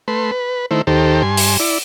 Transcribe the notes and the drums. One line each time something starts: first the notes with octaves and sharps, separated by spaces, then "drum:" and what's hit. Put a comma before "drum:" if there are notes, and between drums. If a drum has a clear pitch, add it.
A3 B4 C6
B4
D#3 A3 E4 C5
D#2 D#3 G4 A4 C5
G2 G#5 C6
drum: open hi-hat
E4 D5